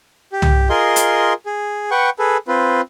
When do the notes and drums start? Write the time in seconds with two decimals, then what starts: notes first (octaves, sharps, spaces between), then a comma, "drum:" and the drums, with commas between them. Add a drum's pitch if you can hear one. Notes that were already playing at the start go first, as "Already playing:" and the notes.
0.33 G4
0.42 drum: tom
0.70 F4 G#4 A#4 D#5 C6
0.96 drum: hi-hat
1.46 G#4
1.91 B4 F#5 G5 C#6
2.19 G#4 A4 B4
2.48 C4 F4 B4